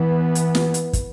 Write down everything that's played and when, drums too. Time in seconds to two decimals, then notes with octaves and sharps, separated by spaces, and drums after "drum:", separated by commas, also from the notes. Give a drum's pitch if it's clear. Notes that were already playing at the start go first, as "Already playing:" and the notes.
Already playing: E3 B3
0.35 drum: hi-hat
0.55 drum: snare
0.74 drum: hi-hat
0.93 drum: kick, hi-hat